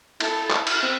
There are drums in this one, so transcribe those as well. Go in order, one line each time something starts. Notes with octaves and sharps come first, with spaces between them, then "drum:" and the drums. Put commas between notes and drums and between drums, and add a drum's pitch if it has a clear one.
E4 A4, drum: cymbal
drum: clap
drum: cymbal
C4